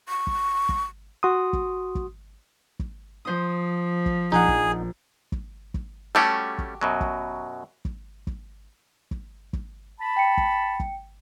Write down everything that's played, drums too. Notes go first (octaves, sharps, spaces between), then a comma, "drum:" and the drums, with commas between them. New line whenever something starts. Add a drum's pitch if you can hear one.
C#6
drum: kick
drum: kick
F#4 C6 D#6
drum: kick
drum: kick
drum: kick
F3 C5 D#6
drum: kick
A#1 D#4 G#4 F#5
drum: kick
drum: kick
drum: kick
G3 A3 C#4 F#4 G4 A4
drum: kick
F#2 B2 F#3
drum: kick
drum: kick
drum: kick
drum: kick
drum: kick
A5 B5
G5 C#7
drum: kick
drum: kick